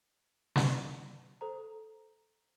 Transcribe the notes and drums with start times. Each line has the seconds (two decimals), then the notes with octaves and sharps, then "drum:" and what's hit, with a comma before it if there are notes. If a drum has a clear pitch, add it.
0.56 drum: snare
1.41 A4 C5 A#5